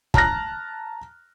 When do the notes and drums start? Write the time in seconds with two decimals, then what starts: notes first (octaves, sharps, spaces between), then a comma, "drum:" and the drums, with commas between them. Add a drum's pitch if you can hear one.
0.14 A5 A#5 F6 F#6 A#6, drum: kick